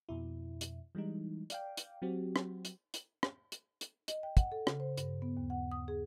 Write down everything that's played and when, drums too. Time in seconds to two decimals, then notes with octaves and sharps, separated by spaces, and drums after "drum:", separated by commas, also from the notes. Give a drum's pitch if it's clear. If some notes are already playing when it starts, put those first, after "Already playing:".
0.09 F2 B2 E4
0.61 drum: hi-hat
0.95 E3 G3 G#3 D#4
1.50 D5 F5 G5, drum: hi-hat
1.77 drum: hi-hat
2.02 F#3 C4 F#4 G4
2.36 drum: rim click
2.65 drum: hi-hat
2.94 drum: hi-hat
3.23 drum: rim click
3.52 drum: hi-hat
3.81 drum: hi-hat
4.08 D#5, drum: hi-hat
4.23 G5
4.37 F#5, drum: kick, hi-hat
4.52 A4
4.67 C#3, drum: rim click
4.80 C5
4.97 G2, drum: hi-hat
5.22 B3
5.37 D#2
5.50 F#5
5.72 D#6
5.88 G#4